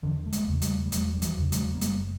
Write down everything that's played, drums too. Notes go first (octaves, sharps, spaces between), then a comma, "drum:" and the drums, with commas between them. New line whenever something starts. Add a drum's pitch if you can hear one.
E1 D3 E3
A3
G#3 A#3, drum: hi-hat
E2 C#3
G3 A3, drum: hi-hat
G3
E1 F#3 G#3, drum: hi-hat
G3
E3 F#3, drum: hi-hat
E2 C#3
F#3 G#3, drum: hi-hat
A#3
F#1 G3 A3, drum: hi-hat